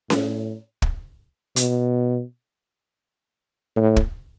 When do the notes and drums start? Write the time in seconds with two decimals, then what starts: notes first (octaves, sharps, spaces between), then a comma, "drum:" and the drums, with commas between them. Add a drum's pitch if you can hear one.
0.10 A2, drum: snare C#4
0.82 drum: kick
1.56 B2, drum: hi-hat
3.76 A2
3.96 drum: kick